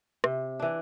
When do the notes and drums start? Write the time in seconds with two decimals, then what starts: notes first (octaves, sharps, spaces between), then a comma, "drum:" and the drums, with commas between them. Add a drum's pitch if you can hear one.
0.24 C3, drum: rim click
0.59 E3 D4